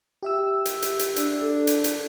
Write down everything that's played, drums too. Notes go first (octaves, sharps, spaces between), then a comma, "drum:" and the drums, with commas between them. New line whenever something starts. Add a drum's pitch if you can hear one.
G4 E5 E6
drum: hi-hat
drum: hi-hat
drum: hi-hat
D4, drum: hi-hat
A4
drum: hi-hat
drum: hi-hat